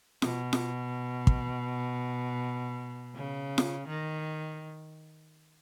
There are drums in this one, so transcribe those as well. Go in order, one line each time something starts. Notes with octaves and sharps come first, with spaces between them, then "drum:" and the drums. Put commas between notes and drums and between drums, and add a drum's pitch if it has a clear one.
B2, drum: snare F4
drum: snare F4
drum: kick
C#3
drum: snare F4
D#3